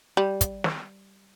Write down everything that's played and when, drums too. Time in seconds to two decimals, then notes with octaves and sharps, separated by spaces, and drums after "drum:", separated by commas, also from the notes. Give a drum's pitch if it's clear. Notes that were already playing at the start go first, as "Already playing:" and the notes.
0.17 G3
0.41 drum: kick, hi-hat
0.64 drum: snare